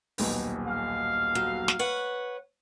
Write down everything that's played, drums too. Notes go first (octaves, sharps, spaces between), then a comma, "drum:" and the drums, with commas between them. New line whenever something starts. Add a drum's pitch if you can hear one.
D#1 B1 B4, drum: open hi-hat
F5
F#3
drum: snare
B4 C#5 F#5